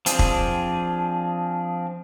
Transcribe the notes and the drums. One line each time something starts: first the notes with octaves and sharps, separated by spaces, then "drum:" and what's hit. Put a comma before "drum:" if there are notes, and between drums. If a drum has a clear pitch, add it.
F3 C4 D4 G#4, drum: hi-hat
drum: kick